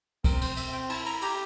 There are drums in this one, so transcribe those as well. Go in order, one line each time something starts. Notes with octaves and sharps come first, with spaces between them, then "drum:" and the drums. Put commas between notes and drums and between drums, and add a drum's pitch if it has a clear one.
C4 A#4, drum: kick, cymbal
C5, drum: cymbal
C4 E5, drum: cymbal
G5
E4 A5, drum: cymbal
A#5, drum: cymbal
G4 A#5, drum: cymbal